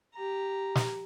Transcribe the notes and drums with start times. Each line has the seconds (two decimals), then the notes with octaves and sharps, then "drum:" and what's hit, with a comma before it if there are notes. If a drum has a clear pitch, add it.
0.14 G4 A#5
0.75 drum: snare